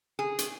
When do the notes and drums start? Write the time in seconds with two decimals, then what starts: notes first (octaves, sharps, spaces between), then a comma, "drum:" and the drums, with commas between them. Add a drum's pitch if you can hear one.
0.19 G#4
0.39 drum: hi-hat